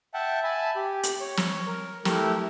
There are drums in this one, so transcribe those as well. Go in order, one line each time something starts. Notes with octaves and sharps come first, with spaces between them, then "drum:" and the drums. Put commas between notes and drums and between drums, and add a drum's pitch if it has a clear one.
E5 F#5 G5 A5
E5 G#5 A5 B5
G4
drum: hi-hat
C#5
drum: snare
A#4
A3 E4 G4 A#4, drum: snare